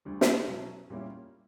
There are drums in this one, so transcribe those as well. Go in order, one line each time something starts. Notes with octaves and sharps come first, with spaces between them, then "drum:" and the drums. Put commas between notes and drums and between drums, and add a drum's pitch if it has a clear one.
D2 D3 G3
drum: snare
B2 F#3 C#4 E4
A#2 G3 A#3 C#4 E4